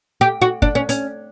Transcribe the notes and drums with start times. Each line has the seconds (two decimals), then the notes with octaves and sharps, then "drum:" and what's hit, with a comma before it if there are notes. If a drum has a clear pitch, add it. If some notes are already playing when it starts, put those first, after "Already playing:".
0.21 G4
0.42 F#4
0.62 D4, drum: kick
0.75 C#4
0.89 C#4, drum: hi-hat